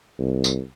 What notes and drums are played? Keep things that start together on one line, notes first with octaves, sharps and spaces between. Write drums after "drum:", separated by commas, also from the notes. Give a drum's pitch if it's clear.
C2
drum: tambourine